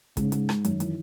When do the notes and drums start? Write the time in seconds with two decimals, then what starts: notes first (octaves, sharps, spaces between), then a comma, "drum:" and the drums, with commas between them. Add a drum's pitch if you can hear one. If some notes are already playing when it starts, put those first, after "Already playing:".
0.17 G#2 C#3, drum: kick, hi-hat
0.32 G#2, drum: hi-hat
0.49 G#2, drum: rim click
0.65 F#2 D#3, drum: hi-hat
0.80 E3, drum: hi-hat